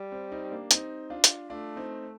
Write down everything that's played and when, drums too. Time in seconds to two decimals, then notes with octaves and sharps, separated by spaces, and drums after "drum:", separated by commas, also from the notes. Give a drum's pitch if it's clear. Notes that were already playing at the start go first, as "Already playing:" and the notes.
Already playing: G3
0.12 C4
0.32 C4 D#4
0.51 A#3 D4
0.71 C4 D#4, drum: hi-hat
1.10 D4 F4
1.24 drum: hi-hat
1.50 A3 D4 F4
1.76 C4 D#4